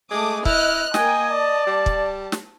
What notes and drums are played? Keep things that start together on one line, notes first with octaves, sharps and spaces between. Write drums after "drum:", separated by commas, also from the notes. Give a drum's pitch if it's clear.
G#3 A3 D6 D#6
E4 D#5 F6 F#6, drum: kick
A#3 D#5 G5 G#5, drum: snare
D5 A5
G3
drum: kick
drum: snare